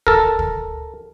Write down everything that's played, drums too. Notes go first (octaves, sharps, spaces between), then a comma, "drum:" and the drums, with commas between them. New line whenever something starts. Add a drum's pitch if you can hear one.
A4 A#4, drum: kick
drum: kick